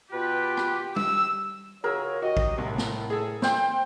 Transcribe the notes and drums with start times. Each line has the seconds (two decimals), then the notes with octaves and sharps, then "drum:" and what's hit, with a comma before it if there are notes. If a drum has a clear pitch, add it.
0.12 B2 F4 G4 B4
0.57 drum: rim click
0.96 E6, drum: tom
1.84 F4 F#4 G#4 A#4 C#5 E6
2.22 F#4 G4 D#5
2.37 drum: kick
2.58 C2 A2
2.78 drum: snare
3.10 G#4 A4
3.42 C5 G5, drum: snare